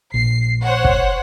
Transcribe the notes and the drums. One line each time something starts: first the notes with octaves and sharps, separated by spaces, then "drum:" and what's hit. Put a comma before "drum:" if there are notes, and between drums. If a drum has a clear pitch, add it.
A#1 C7
C5 C#5 F#5
drum: kick